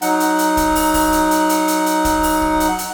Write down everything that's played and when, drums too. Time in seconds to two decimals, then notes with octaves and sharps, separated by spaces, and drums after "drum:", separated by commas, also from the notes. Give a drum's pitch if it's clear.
0.02 F#3 D#4 F#5, drum: hi-hat
0.20 drum: hi-hat
0.39 drum: hi-hat
0.57 drum: kick, hi-hat
0.75 drum: open hi-hat
0.94 drum: kick, open hi-hat
1.12 drum: hi-hat
1.31 drum: hi-hat
1.49 drum: hi-hat
1.68 drum: hi-hat
1.86 drum: hi-hat
2.05 drum: kick, hi-hat
2.23 drum: open hi-hat
2.42 drum: kick
2.60 drum: hi-hat
2.78 drum: hi-hat